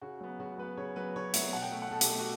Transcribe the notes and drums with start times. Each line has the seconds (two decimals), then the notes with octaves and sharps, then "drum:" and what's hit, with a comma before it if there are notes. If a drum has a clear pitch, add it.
0.02 C#3 F#4
0.21 F#3 B3
0.39 C#3 F#4
0.58 F#3 B3 B4
0.77 C#3 C#5
0.96 F#3 B3 B4
1.15 C#3 C#5
1.34 F#3 B3 E5, drum: hi-hat
1.53 B2 F#5
1.62 G5
1.72 A3
1.82 F#5
1.91 B2 A4
2.01 G4, drum: hi-hat
2.10 A3
2.19 F#4